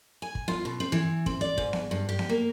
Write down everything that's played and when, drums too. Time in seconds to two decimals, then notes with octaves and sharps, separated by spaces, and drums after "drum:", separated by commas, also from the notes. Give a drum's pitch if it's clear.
0.22 G#5
0.35 drum: kick
0.48 F4, drum: snare B3
0.65 B2
0.80 C4
0.92 E3
1.26 C4, drum: kick
1.41 D5
1.58 G#2, drum: kick
1.73 drum: snare B3
1.91 G2
2.09 G4
2.19 drum: snare B3
2.29 A#3